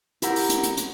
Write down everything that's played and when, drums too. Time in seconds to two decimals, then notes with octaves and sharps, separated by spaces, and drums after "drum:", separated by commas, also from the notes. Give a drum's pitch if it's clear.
0.22 E4 G4 A#4 F#5, drum: hi-hat
0.36 drum: open hi-hat
0.50 drum: hi-hat
0.63 drum: hi-hat
0.77 drum: hi-hat